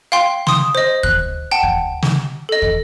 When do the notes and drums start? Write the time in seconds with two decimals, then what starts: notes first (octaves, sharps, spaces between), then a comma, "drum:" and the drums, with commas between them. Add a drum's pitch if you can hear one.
0.12 F5 G5 C6
0.47 C6 D#6, drum: snare
0.75 C5 D#5
1.03 F#6, drum: kick
1.51 F#5 G5 A5
1.63 drum: kick
2.03 drum: snare
2.49 A4 D#5
2.62 drum: kick